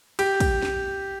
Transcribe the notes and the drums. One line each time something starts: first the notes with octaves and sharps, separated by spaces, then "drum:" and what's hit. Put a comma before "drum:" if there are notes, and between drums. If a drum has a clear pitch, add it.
G4, drum: cymbal
drum: kick, cymbal
drum: snare